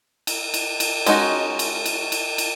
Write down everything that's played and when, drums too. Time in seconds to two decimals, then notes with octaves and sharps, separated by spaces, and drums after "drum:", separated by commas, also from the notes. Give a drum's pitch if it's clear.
0.27 drum: cymbal
0.54 drum: cymbal
0.80 drum: cymbal
1.06 G#3 C#4 D#4 F#4, drum: cymbal
1.59 drum: cymbal
1.86 drum: cymbal
2.12 drum: cymbal
2.38 drum: cymbal